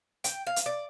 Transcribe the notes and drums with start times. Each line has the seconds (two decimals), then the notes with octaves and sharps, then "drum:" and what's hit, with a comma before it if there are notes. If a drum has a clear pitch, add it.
0.24 G5, drum: hi-hat
0.47 F5
0.56 drum: hi-hat
0.66 D5